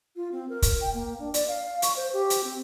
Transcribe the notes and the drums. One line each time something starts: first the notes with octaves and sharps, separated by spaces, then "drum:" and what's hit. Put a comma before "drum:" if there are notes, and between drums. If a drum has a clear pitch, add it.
F4
C4
A#4
drum: kick, hi-hat
G5
A#3
D4
D5, drum: hi-hat
F5
C#6, drum: hi-hat
C5
G4
drum: hi-hat
C4